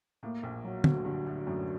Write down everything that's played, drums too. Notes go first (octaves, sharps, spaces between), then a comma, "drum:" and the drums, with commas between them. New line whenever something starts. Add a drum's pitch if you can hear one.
A2 A#3
A#1 A#2
F#3
D2 D3, drum: tom
G2 D3
A2
F#2 A2